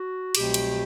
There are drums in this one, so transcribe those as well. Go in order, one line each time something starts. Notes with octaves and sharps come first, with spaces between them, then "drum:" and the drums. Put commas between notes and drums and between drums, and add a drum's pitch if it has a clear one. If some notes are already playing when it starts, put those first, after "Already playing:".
Already playing: F#4
C2 B2 F#3 A3 C4 G4, drum: cymbal
drum: cymbal